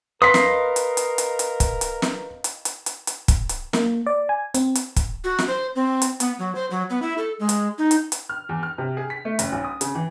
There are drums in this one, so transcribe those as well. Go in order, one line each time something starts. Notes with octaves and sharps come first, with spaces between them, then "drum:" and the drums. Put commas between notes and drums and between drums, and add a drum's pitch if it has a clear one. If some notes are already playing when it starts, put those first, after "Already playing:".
A#4 B4 D#5 F5 C6 D#6 B6
drum: snare
drum: hi-hat
drum: hi-hat
drum: hi-hat
drum: hi-hat
drum: kick, hi-hat
drum: hi-hat
drum: snare
drum: hi-hat
drum: hi-hat
drum: hi-hat
drum: hi-hat
drum: kick, hi-hat
drum: hi-hat
A#3, drum: snare
D5
G#5
C4, drum: hi-hat
drum: hi-hat
drum: kick, hi-hat
F#4
drum: snare
C5
C4
drum: hi-hat
B3, drum: hi-hat
F#3
C5
F#3
B3
E4
A4
G#3
drum: hi-hat
D#4
drum: hi-hat
drum: hi-hat
F6
E2
F6
C3
G#4
B6
A3
F#1, drum: hi-hat
B1
D#6
C#3, drum: hi-hat
E3